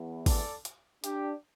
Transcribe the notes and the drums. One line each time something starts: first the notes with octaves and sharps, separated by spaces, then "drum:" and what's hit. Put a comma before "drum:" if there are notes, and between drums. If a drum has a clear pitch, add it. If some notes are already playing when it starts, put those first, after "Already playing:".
Already playing: E2 E3 B3
A4 D5, drum: kick, open hi-hat
drum: hi-hat
D4 G4, drum: hi-hat